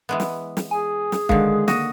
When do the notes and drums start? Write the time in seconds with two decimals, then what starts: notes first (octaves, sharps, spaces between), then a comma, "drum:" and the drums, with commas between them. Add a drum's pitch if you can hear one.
0.09 E3 G#3 B3
0.20 drum: snare
0.57 drum: snare
0.71 G#4 G#5
1.12 drum: snare
1.29 D3 D#3 G#3 F5, drum: kick
1.68 A#3 F#4 D#6 A#6 D#7, drum: snare